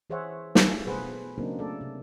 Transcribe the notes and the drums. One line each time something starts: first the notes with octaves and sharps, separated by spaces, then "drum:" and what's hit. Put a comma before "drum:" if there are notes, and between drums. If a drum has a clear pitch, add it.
E3 G#4 C5 C#5 E5 F#5
A3 F4 G#4 A4, drum: snare
B2 G#4 B4 C5 F#5
C#3 F#3 A#3 C4 D4 D#4
A3 A4 D5
C3